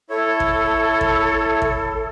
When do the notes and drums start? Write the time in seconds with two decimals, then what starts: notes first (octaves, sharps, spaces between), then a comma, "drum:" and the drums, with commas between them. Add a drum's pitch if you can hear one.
0.10 E4 A4 C#5
0.40 drum: kick
1.01 drum: kick
1.62 drum: kick